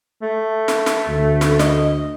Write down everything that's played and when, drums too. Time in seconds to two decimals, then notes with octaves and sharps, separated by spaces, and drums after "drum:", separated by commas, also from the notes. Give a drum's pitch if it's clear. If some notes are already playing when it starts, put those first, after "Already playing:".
0.22 A3
0.68 drum: snare
0.86 drum: snare
1.09 D2
1.41 drum: snare
1.59 D#5, drum: snare